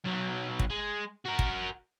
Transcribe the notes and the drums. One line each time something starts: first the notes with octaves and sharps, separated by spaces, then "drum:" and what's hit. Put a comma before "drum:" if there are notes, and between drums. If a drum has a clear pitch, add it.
B1 F#3
drum: kick
G#3
F#4 A#4
drum: kick